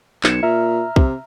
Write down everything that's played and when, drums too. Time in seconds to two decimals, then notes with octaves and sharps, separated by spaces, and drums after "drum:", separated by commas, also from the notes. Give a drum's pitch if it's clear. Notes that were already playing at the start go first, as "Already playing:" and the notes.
0.24 B1 G#6 C#7 E7, drum: clap
0.43 A#2 E5 A#5 F6
0.96 C3, drum: kick